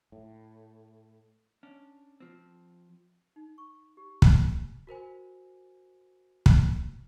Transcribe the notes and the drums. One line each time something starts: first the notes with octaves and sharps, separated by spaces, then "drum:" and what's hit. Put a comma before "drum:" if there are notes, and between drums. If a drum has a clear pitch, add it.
A2
C#4 D4
F3 C4
D#4
C#6
G4
G#5, drum: kick
F#4 A#4 C5 G#5
drum: kick